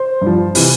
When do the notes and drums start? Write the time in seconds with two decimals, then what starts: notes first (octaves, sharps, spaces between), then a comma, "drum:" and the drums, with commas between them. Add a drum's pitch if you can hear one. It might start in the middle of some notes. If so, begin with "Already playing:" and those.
Already playing: C5
0.21 G2 F3
0.55 C3 E3, drum: open hi-hat